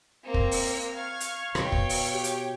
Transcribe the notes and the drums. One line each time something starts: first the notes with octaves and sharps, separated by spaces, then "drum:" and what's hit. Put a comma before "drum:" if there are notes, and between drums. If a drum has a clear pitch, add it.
A#3 C4 A#5
drum: kick
drum: open hi-hat
F5 C#6 F6 G#6
drum: hi-hat
B2 C#5 G5, drum: rim click
drum: kick
drum: open hi-hat
G4
drum: hi-hat